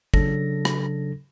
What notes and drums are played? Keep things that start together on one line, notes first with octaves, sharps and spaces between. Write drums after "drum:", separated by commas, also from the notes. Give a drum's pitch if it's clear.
C#3 F#3 D4 A4 A#6, drum: kick
drum: rim click